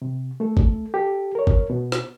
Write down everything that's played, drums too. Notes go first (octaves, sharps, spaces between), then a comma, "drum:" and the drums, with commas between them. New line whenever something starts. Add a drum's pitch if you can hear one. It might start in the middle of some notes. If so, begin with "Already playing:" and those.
C3
A3 A4
drum: kick
G4 A4
A#4 C#5
drum: kick
B2
drum: rim click